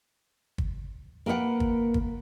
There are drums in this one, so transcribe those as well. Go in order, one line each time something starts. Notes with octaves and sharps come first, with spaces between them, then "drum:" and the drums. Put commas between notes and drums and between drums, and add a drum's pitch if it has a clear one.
drum: kick
A#3 A#4 B4 D5 F#5
drum: kick
drum: kick